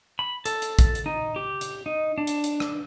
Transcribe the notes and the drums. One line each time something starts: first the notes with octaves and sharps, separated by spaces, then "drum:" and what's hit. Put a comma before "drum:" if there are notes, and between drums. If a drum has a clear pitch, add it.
B5
A4, drum: hi-hat
drum: hi-hat
drum: kick A#1, hi-hat
drum: hi-hat
D#4
G4
drum: hi-hat
D#4
D4
drum: hi-hat
drum: hi-hat
drum: rim click